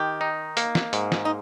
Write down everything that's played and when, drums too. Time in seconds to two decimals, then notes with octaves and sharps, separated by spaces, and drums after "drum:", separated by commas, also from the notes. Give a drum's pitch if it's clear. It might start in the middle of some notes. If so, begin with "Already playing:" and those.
Already playing: D#3 G4
0.21 D#4
0.57 A#3, drum: hi-hat
0.75 drum: snare
0.93 G#2, drum: hi-hat
1.12 drum: snare
1.25 D#4